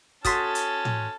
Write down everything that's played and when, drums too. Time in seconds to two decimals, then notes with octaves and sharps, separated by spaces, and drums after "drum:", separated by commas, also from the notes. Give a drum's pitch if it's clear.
0.25 C#4 F#4 A4 C6 D#6 A6 B6, drum: kick, hi-hat
0.55 drum: hi-hat
0.85 drum: tom A2